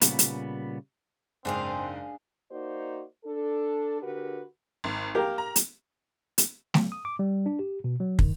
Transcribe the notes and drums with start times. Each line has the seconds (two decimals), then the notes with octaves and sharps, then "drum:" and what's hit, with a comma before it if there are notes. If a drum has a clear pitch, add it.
0.02 A#2 C#3 G3 B3, drum: hi-hat
0.19 drum: hi-hat
1.45 F#1 G#2 C4 D4 G#4 F5
2.52 A#3 D#4 F#4 C5 D5
3.25 D4 A4
4.02 D3 F#4 G4 A#4 B4
4.84 G#1
5.15 A#3 G4 A#4
5.38 A#5
5.56 drum: hi-hat
6.38 drum: hi-hat
6.74 F#3, drum: snare A3
6.92 D#6
7.05 D6
7.19 G3
7.46 D4
7.59 G4
7.84 B2
8.00 F#3
8.19 D#3, drum: kick